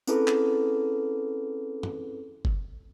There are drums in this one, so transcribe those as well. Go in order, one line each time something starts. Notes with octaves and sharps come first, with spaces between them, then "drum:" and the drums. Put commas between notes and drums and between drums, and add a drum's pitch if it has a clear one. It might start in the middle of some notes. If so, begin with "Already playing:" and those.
C4 C#4 E4 G#4 A4 B4, drum: tambourine
drum: clap
drum: tom
drum: kick G1